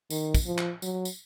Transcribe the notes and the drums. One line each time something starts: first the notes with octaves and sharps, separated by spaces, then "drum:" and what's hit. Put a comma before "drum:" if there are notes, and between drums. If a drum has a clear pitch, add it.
D#3, drum: tambourine
drum: kick, tambourine
F3
drum: clap
F#3, drum: tambourine
drum: tambourine